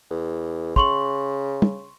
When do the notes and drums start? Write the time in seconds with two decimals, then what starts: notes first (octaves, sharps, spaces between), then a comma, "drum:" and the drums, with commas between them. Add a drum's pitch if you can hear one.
0.11 E2
0.76 C#3 C6 C#6 F#7, drum: kick
1.62 drum: tom